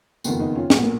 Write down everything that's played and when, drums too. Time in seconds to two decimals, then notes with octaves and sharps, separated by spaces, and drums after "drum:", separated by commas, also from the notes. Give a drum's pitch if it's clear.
0.24 F#1 F2 D#3 B3, drum: tambourine
0.39 B3 D#4
0.55 C#4 F4
0.70 B1 A#2 B3, drum: snare
0.82 A#3